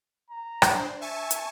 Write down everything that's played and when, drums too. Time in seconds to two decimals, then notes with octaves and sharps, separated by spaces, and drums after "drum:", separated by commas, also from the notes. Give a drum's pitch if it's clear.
0.30 A#5
0.62 D4 C5, drum: rim click
1.01 E5 G#5 A5 C#6
1.31 drum: hi-hat